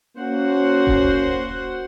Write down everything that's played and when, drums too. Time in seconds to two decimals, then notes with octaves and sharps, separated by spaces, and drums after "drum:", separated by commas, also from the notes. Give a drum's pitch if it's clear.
0.18 A#3 C#4 F#4 C5 F#5
0.87 drum: kick D#1